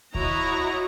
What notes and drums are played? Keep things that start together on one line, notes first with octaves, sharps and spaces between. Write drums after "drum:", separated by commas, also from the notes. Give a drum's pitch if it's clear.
E4 F#4 C#5 D#5 A#5, drum: kick D2